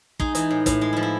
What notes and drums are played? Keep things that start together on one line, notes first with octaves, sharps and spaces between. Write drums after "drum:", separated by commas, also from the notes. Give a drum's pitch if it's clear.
G#3 D#4, drum: kick
E3 D#4, drum: hi-hat
A2
A2, drum: kick, hi-hat
G#3
F3 E4
E4